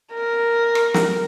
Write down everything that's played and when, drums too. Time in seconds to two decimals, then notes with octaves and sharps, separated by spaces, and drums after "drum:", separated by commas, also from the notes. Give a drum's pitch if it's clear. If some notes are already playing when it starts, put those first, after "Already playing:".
0.13 A#4
0.75 drum: rim click
0.94 drum: snare